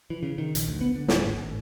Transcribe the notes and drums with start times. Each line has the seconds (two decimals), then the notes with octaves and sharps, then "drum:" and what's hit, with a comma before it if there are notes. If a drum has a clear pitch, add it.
0.10 E3
0.23 C#3
0.38 D#3
0.55 A#1, drum: hi-hat
0.68 D2
0.81 B3
0.95 D3
1.08 D1, drum: snare
1.24 G#1
1.41 A1